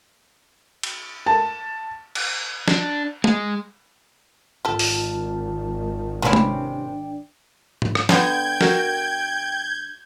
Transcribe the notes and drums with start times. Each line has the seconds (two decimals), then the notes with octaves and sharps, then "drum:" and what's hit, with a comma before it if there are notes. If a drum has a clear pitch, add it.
0.83 drum: cymbal
1.26 A5
2.15 drum: cymbal
2.68 D4, drum: snare
3.24 G#3, drum: tom G#3
4.65 G#1 D#3 F4 G4 A4 A5
4.79 drum: open hi-hat
6.22 C3 E3 F3 C#4 D4 E4 D5 G5
6.33 drum: tom G#3
7.82 drum: tom G#2
7.95 drum: rim click
8.09 D3 B3 G5 G6 G#6, drum: snare
8.61 F#4 A#4, drum: snare